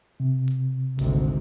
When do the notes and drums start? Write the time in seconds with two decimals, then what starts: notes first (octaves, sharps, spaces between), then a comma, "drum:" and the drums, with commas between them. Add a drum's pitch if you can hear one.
0.20 C3
0.48 drum: hi-hat
0.99 G#1 D2 C3, drum: open hi-hat